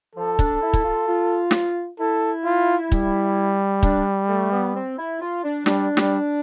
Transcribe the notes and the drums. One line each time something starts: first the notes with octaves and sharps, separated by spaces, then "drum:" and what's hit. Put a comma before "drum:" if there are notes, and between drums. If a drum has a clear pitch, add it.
F3 A4
D4, drum: kick
E4
drum: kick
F4
F4
drum: snare
E4 A4
F4
G3, drum: kick
D4, drum: kick
A3
B3
C4
E4
F4
D4
G3 D4, drum: snare
G3, drum: snare